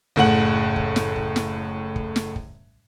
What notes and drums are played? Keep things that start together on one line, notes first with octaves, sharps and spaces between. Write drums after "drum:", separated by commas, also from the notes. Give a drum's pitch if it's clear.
F#1 A2 F#5 F#7
drum: kick
drum: snare
drum: kick
drum: snare
drum: kick
drum: snare
drum: kick